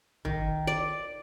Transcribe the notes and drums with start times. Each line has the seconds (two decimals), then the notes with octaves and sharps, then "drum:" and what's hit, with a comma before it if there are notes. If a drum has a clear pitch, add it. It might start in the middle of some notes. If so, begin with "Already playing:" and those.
0.25 D#3, drum: tom
0.67 D5